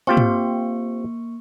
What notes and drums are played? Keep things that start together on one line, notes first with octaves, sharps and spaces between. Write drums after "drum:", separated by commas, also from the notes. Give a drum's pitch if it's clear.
A#3 C4 F4 G4 C#6
drum: tom